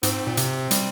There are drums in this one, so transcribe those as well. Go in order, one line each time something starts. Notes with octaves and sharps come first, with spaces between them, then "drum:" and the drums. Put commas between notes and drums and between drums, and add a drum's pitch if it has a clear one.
G#2 C4, drum: hi-hat
A#2
C3, drum: hi-hat
G3, drum: hi-hat